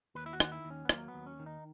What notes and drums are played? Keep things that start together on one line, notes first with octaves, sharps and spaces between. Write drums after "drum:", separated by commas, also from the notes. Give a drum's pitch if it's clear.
D#2 B4
E4
F#4
D#3, drum: rim click
E4
D#2
C#4
B3
F#3 A#3, drum: rim click
B3
D#2
C#4
D#3
D#4